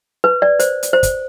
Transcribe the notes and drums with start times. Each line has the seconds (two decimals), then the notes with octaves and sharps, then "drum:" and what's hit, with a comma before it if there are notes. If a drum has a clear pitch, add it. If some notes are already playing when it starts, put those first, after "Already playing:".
0.24 B4
0.42 D5
0.60 C5, drum: hi-hat
0.83 drum: hi-hat
0.93 C5
1.03 drum: kick, hi-hat